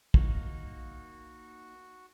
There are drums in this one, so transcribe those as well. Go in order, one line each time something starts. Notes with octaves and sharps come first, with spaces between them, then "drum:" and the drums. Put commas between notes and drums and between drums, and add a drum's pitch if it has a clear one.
A#3 D#4 F#4, drum: kick